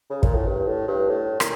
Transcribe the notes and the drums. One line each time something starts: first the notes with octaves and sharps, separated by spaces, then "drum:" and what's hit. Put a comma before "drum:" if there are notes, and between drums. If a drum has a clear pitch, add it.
C#3
A#2, drum: kick
A2
G2
A2
G2
A2
A#2, drum: rim click